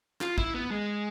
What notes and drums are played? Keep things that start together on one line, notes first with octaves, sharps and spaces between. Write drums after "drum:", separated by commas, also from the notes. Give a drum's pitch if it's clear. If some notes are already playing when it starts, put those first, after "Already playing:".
F4, drum: clap
E4, drum: kick
B3
G#3